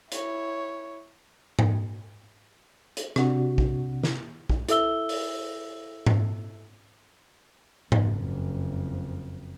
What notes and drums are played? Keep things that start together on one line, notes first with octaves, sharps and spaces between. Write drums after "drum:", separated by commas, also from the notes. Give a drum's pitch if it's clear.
E4 C#5, drum: hi-hat
drum: tom G#2
drum: hi-hat
C3 D4 F#4, drum: rim click
drum: kick
drum: snare
drum: kick
E4 A4 E5 E6 G7, drum: hi-hat
drum: open hi-hat
drum: tom G#2
F#1 F2, drum: tom G#2